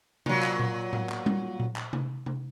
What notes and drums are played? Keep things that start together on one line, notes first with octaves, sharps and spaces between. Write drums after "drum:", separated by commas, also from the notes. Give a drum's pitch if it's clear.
A#2 F#3, drum: tom C3
drum: clap
drum: tom A#2
drum: tom A2
drum: clap
drum: tom G3
drum: tom A#2
drum: clap
drum: tom C3
drum: tom C3